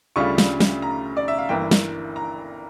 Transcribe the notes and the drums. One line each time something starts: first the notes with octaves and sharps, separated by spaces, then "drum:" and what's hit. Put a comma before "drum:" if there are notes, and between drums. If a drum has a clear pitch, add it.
D2 C#3 G3 D4 F4 C#6
drum: snare
drum: snare
A#5
D5
E5
F5
G1 G2 E3 A#3 E4 G5
drum: snare
A#5